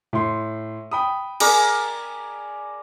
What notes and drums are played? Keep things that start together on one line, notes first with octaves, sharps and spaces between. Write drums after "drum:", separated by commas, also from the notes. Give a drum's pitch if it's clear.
A2 C6
G5 B5 D#6
G#4 A#4 D5, drum: cymbal